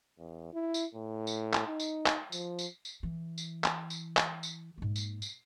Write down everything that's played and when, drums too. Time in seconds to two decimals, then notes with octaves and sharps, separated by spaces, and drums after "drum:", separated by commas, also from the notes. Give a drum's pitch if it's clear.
0.19 E2
0.53 E4
0.74 drum: tambourine
0.95 A2
1.27 drum: tambourine
1.53 drum: clap
1.67 D#4
1.80 drum: tambourine
2.06 drum: clap
2.32 F3, drum: tambourine
2.59 drum: tambourine
2.85 drum: tambourine
3.03 E3
3.38 drum: tambourine
3.64 drum: clap
3.90 drum: tambourine
4.17 drum: clap
4.43 drum: tambourine
4.78 G#2 A#3
4.96 drum: tambourine
5.22 drum: tambourine